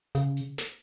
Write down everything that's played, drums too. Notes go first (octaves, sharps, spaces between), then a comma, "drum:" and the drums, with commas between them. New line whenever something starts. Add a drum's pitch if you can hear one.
C#3, drum: hi-hat
drum: hi-hat
drum: snare